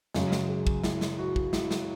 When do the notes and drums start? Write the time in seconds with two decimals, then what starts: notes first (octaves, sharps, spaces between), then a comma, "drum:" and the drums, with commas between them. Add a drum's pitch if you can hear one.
0.14 F#2 C#3 G#3 F#4, drum: snare
0.32 drum: snare
0.49 G#4
0.67 drum: kick
0.84 E4, drum: snare
1.01 drum: snare
1.18 F#4
1.36 drum: kick
1.53 E4, drum: snare
1.71 drum: snare